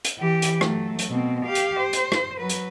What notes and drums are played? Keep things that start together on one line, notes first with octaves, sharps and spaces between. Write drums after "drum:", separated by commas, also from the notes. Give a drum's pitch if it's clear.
drum: hi-hat
E3 G4
drum: hi-hat
F#3 A3, drum: rim click
drum: hi-hat
B2 C4
G4 F5
drum: hi-hat
C5
drum: hi-hat
drum: rim click
F#3 B4
drum: hi-hat